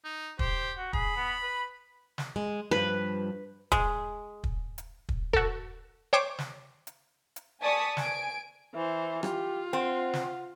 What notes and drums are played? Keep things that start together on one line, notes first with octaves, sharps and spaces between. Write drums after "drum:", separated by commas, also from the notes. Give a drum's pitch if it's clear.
D#4
G4 C5, drum: kick
F#4
G#4 B5, drum: kick
B3
B4
drum: snare
G#3
G2 F3 B4
G#3, drum: kick
drum: kick
drum: hi-hat
drum: kick
F#4 A4, drum: kick
C5 C#5 G5 C#6 D6
drum: snare
drum: hi-hat
drum: hi-hat
D5 G#5 A5 C#6 D#6 B6
G#5 D7, drum: snare
E3 C5 E5
F4 G4, drum: rim click
C4 F#5
drum: snare